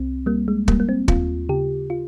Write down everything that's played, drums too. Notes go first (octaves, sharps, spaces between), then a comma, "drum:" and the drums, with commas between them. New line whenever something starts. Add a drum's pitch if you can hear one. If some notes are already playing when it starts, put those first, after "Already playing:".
Already playing: C2 C4
G3 A#3
G#3
G3 A#3, drum: kick
A#3
C4
D#2 F4, drum: kick
C#3 G4
F4